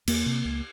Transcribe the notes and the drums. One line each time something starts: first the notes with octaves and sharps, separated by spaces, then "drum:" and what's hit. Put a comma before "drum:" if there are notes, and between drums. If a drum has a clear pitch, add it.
E2 A#3, drum: cymbal
C3
C#2